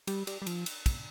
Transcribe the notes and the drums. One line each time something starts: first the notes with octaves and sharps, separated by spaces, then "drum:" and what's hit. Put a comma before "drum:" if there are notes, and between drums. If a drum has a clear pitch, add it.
G3, drum: cymbal
G3, drum: cymbal
G3
F3, drum: cymbal
drum: cymbal
drum: kick, cymbal